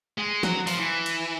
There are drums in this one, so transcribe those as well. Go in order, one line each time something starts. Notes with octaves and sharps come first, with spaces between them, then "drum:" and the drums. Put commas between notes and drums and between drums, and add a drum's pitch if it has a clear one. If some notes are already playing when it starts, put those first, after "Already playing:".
G#3
F#3, drum: snare
F3, drum: open hi-hat
E3
drum: cymbal